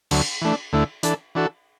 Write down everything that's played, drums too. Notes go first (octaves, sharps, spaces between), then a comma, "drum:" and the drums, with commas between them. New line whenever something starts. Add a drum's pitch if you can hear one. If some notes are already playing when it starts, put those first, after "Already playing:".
D2 D3 F#3, drum: cymbal
E3 A3 D4
D2 D3 A3 E4
E3 D4 A4, drum: hi-hat
E3 D4 F#4 A4